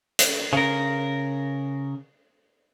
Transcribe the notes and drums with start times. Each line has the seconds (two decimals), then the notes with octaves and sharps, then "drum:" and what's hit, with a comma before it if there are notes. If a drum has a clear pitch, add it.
0.19 drum: hi-hat
0.53 C#3 A#4